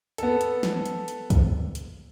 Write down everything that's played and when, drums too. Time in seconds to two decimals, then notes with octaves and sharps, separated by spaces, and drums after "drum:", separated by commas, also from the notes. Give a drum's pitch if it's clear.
0.18 B3 A4, drum: hi-hat
0.41 drum: hi-hat
0.63 drum: snare
0.86 drum: hi-hat
1.08 drum: hi-hat
1.30 drum: kick, hi-hat
1.75 drum: hi-hat